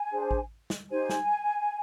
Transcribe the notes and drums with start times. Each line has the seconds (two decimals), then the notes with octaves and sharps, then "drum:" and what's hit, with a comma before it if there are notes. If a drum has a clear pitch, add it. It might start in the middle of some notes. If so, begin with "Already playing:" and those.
Already playing: G#5
0.11 D4 G#4 C5
0.31 drum: kick A1
0.70 drum: snare
0.90 D#4 G4 C5 G#5
1.09 drum: snare